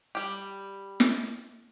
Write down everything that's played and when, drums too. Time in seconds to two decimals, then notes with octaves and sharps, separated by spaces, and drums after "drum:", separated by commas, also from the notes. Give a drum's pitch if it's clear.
0.15 G3 G4
1.00 drum: snare